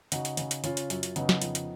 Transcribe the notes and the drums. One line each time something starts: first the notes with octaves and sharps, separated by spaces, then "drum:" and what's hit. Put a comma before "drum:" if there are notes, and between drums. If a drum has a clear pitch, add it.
C#3 D#4 F#4, drum: hi-hat
drum: hi-hat
C#3, drum: hi-hat
drum: hi-hat
C#3 C#4 F4, drum: hi-hat
drum: hi-hat
F#2, drum: hi-hat
drum: hi-hat
C#3 B3 D#4, drum: hi-hat
drum: snare
F2, drum: hi-hat
drum: hi-hat